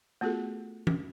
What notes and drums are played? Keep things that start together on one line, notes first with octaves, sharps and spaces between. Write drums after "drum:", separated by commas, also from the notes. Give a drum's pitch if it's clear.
A3 B3 F4 F#4 G#4 A4
drum: tom E3